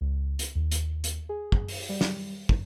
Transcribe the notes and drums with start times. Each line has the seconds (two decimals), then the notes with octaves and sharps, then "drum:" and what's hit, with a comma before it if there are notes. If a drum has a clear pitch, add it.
0.01 C#2
0.39 drum: hi-hat
0.55 D#2
0.71 drum: hi-hat
1.04 drum: hi-hat
1.29 G#4
1.52 drum: kick
1.68 drum: open hi-hat
1.89 G3
2.01 drum: snare
2.49 drum: kick